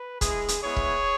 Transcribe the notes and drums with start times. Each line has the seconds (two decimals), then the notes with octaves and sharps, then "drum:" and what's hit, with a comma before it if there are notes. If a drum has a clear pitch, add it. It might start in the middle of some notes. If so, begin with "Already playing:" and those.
Already playing: B4
0.21 G#3 E4 G#4, drum: kick, hi-hat
0.48 drum: hi-hat
0.62 G#3 B3 E4 G#4 C#5
0.76 drum: kick